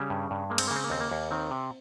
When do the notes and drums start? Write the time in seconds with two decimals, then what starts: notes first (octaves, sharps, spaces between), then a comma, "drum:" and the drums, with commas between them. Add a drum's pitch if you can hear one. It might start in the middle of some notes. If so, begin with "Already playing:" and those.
Already playing: C#3 G3 C#4
0.10 G2
0.31 G2
0.50 G#3 A#3
0.58 C4, drum: cymbal
0.67 A#3
0.71 C#3
0.76 C4
0.84 A#3
0.90 D#2 C4
1.01 A#3
1.11 D#2
1.31 D#3 C4
1.51 C3